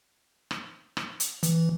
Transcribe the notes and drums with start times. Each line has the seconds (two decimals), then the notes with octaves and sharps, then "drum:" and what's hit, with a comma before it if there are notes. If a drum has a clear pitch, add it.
0.51 drum: rim click
0.97 drum: rim click
1.20 drum: hi-hat
1.43 E3, drum: hi-hat